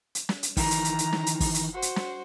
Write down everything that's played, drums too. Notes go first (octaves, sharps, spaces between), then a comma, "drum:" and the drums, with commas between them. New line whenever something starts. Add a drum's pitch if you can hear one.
drum: hi-hat
drum: snare
drum: hi-hat
D#3 E3 A#5, drum: kick, open hi-hat
drum: hi-hat
drum: hi-hat
drum: hi-hat
drum: snare
drum: hi-hat
drum: kick, open hi-hat
drum: hi-hat
F#4 C5
drum: hi-hat
drum: snare